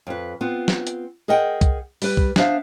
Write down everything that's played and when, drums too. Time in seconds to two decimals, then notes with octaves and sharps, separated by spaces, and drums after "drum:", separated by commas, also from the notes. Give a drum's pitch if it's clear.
0.07 F2 B4
0.41 B3 C4 F4
0.68 drum: snare
0.87 drum: hi-hat
1.28 G#4 A#4 D#5 F#5 G5
1.61 drum: kick, hi-hat
2.02 G3 B4, drum: open hi-hat
2.17 drum: kick
2.36 B3 D4 C5 E5 F5, drum: snare